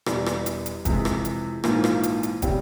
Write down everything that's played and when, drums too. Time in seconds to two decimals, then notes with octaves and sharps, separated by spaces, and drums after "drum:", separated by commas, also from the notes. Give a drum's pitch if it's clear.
0.06 E1 E2 E3 G3, drum: rim click
0.26 drum: rim click
0.46 drum: hi-hat
0.66 drum: hi-hat
0.85 F2 C3 E3 G#3, drum: kick, hi-hat
1.05 drum: rim click
1.25 drum: hi-hat
1.64 A#1 G#2 E3 A#3 F4, drum: rim click
1.84 drum: rim click
2.03 drum: hi-hat
2.23 drum: hi-hat
2.42 C#3 G3 C4 E4 G4, drum: kick, hi-hat